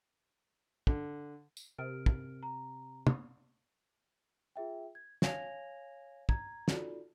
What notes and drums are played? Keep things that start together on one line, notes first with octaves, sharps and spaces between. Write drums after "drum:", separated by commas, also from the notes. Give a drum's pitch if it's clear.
D3, drum: kick
drum: tambourine
C3 A#4 F6 D7
drum: kick
A#5
drum: tom
F4 G#4 E5 G5
G#6
C#5 F5 G#5 G#6 A#6 F7, drum: snare
A#5 G#6, drum: kick
D#4 F4 F#4 A4 D5, drum: snare